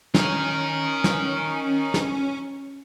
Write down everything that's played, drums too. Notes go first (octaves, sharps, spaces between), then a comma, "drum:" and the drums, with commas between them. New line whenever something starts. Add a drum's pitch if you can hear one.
C#4 D#4 A#4, drum: snare
drum: snare
drum: snare